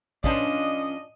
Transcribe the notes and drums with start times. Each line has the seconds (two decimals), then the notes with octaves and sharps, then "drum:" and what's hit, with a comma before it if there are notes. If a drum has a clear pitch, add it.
0.24 F3 C#4 D4 F4 B4 D5 D#5, drum: kick